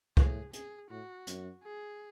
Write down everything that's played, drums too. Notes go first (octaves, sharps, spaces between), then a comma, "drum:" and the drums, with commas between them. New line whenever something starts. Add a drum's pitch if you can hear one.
A2 G#4, drum: kick
G#4, drum: hi-hat
A2 F#4
F#2, drum: hi-hat
G#4